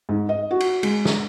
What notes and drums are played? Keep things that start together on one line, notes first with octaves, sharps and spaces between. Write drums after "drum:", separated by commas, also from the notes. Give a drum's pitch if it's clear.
G#2
D#5
F#4
drum: cymbal
G#3, drum: cymbal
drum: snare